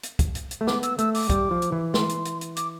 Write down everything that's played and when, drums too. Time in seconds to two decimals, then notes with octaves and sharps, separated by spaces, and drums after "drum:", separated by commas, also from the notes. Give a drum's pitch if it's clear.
0.03 drum: hi-hat
0.19 drum: kick, hi-hat
0.35 drum: hi-hat
0.51 drum: hi-hat
0.61 A3
0.67 B3 D6, drum: snare
0.83 E6, drum: hi-hat
0.99 A3 E6, drum: hi-hat
1.15 D6, drum: open hi-hat
1.30 G3, drum: kick, hi-hat
1.51 F3
1.62 drum: hi-hat
1.72 E3
1.94 C6, drum: snare
2.09 drum: hi-hat
2.25 drum: hi-hat
2.41 drum: hi-hat
2.57 D6, drum: hi-hat